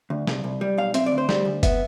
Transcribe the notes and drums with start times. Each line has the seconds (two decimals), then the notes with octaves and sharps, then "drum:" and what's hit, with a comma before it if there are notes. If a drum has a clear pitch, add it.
0.10 D2
0.27 C2, drum: snare
0.44 C2
0.61 G3
0.78 B1 F5
0.94 C4 E5, drum: hi-hat
1.06 D5
1.12 D2
1.18 C5
1.29 G3, drum: snare
1.45 D2
1.63 B3 E5, drum: kick F#1, hi-hat